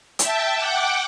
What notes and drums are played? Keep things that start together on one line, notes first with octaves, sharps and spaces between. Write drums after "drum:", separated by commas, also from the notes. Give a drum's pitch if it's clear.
E5 G5 A5, drum: hi-hat
F#5 G5 D6